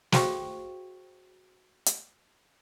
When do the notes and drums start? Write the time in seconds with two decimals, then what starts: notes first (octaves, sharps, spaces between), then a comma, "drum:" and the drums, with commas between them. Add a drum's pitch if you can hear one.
0.12 F#4 G#4 C5 F5 G5 C#6, drum: snare
1.86 drum: hi-hat